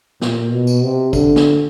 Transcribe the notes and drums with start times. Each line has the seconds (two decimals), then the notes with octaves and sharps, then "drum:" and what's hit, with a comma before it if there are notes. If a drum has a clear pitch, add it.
0.22 A#2, drum: snare
0.52 B2
0.67 drum: tambourine
0.83 C3
1.13 D3, drum: kick, tambourine
1.36 drum: snare